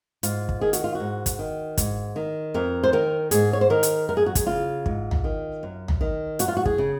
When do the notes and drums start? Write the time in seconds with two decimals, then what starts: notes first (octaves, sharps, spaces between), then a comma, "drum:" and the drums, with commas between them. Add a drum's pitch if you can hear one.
0.23 G#2 F4, drum: hi-hat
0.49 drum: kick
0.61 D#3 G#4
0.73 F#4, drum: hi-hat
0.84 F4
0.95 F#4
1.00 G#2
1.26 drum: kick, hi-hat
1.39 D#3
1.78 G#2, drum: kick, hi-hat
2.16 D#3
2.54 F2 A#4
2.83 C5
2.93 D#3 A#4
3.31 G#2 G#4, drum: hi-hat
3.53 C#5
3.61 C5
3.70 D#3 A#4
3.83 drum: hi-hat
4.09 F#2 A#4
4.17 G#4
4.26 F#4
4.35 G#4, drum: kick, hi-hat
4.47 C#3 F4
4.86 G#2, drum: kick
5.11 drum: tom
5.24 D#3
5.63 F#2
5.88 drum: tom
6.01 D#3
6.39 F#2 F#4, drum: hi-hat
6.48 F4
6.57 F#4
6.66 G#4, drum: kick
6.78 C#3